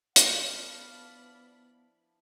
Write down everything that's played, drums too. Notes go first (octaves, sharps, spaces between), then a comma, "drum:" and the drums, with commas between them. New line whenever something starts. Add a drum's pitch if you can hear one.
F3 B3 D4 E4 D5 F5 B5, drum: hi-hat